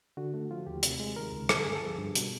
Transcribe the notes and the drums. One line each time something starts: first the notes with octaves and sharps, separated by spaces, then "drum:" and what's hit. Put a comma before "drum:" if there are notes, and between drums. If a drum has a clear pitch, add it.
D3 F#4
A3
F3 F4
D#2 G4
C3, drum: hi-hat
G#3
D#3 A#4
C#2
D3 A4, drum: rim click
G2 G#4
A4
F3
G2
B2, drum: hi-hat